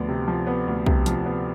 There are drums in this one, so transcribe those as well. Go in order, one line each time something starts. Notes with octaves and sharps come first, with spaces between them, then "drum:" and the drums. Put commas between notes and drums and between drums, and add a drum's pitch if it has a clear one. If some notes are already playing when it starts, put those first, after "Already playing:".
Already playing: D2 F3 B3
C3
F3
B3
D2
C3, drum: kick B1
F3, drum: hi-hat
B3